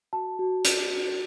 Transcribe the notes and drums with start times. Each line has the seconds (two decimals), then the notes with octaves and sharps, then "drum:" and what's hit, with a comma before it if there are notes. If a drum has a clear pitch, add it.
0.13 F#4 A5
0.39 F#4
0.65 D5, drum: hi-hat
0.91 F#4